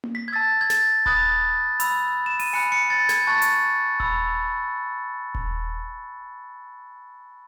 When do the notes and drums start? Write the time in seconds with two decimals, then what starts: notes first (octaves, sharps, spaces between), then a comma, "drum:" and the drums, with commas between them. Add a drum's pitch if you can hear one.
0.04 drum: tom A#3
0.15 B6
0.28 G#6
0.32 A5 E6 A6
0.61 G#6
0.70 A6, drum: snare
1.06 B5 D#6 F#6 A6, drum: kick D#1
1.80 B5 E6, drum: hi-hat
2.26 E7
2.40 D#7, drum: open hi-hat
2.53 G#5 B5 F#6 C#7
2.72 C#7
2.90 A6
3.09 G#6, drum: snare
3.27 A5 C#6 F#6 A6
3.42 drum: hi-hat
4.00 B5 E6, drum: kick D#1
5.35 drum: kick D#1